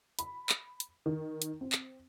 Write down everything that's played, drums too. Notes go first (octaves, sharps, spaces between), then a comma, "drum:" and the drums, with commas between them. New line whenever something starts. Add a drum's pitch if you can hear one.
B5, drum: hi-hat
drum: clap
drum: hi-hat
D#3
drum: hi-hat
C4
drum: clap